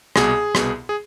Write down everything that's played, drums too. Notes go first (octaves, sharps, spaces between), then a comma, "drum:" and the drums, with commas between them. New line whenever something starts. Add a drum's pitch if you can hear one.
C2 B2 B3 G#4, drum: rim click
C2 B2 B3, drum: rim click
G#4